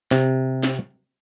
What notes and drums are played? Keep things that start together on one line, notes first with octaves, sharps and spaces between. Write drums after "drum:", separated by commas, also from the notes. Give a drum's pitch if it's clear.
C3, drum: snare
drum: snare